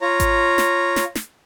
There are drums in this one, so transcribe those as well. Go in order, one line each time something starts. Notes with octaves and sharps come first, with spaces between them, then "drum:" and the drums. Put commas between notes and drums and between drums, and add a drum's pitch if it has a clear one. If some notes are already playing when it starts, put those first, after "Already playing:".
F4 C#5 A#5
drum: kick G#1, hi-hat
drum: snare
drum: snare
drum: snare